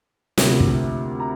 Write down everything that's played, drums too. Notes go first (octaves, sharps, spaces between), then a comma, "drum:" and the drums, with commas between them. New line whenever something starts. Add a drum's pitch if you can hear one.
D2 C3 F3 A#3, drum: snare
drum: kick
A#5